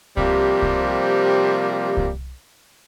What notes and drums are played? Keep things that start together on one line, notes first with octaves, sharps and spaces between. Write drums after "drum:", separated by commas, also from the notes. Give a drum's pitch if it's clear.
C3 F3 G3 A#3, drum: kick C2
drum: kick C2
drum: kick C2